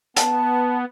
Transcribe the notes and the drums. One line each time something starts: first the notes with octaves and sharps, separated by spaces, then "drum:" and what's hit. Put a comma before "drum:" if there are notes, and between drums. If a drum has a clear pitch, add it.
B3 A5, drum: hi-hat